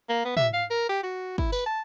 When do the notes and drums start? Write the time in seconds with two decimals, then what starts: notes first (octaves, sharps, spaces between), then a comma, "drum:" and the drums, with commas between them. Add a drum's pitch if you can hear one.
0.09 A#3
0.25 B3
0.37 E5, drum: tom
0.54 F5
0.70 A#4
0.89 G4
1.03 F#4
1.38 E4, drum: kick
1.52 B4, drum: tambourine
1.66 A5